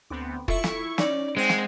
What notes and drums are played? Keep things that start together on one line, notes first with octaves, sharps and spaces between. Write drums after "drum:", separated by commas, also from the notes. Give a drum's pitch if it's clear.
D2 B3 C4 D6
E4 F4 A4 E5 C#6, drum: kick
drum: snare
C#4 D#4 C#5 D5, drum: snare
G#3 C4 F#5 G#5
drum: snare